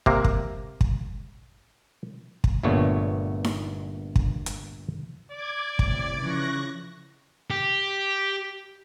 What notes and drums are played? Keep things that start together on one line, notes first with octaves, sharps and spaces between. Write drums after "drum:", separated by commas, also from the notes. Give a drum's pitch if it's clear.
C3 A#3, drum: kick
drum: kick
drum: kick
drum: kick
G1 G2 A#2 A3 B3 C#5
drum: snare D#4
drum: kick
drum: hi-hat
D5 D6 G#6
A2 C3, drum: kick
C#3 E3 F3 C#6 F#6 A#6
G4